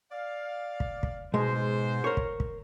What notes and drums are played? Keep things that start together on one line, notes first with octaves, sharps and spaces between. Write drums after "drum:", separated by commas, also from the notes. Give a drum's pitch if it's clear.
D5 F5
drum: kick
drum: kick
G#2 B2 G#3 C5
A#4 C#5
drum: kick
drum: kick